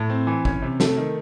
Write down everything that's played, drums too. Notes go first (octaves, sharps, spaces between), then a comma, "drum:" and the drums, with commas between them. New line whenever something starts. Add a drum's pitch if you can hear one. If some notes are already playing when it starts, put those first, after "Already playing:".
Already playing: A2
C4
E3
C#4, drum: kick
C3
A3, drum: snare
D#3